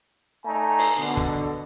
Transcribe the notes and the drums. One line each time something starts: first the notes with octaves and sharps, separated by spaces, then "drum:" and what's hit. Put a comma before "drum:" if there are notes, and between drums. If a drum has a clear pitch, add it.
A3 D#4 D5 G#5 A#5
drum: open hi-hat
B2 D3
drum: kick, hi-hat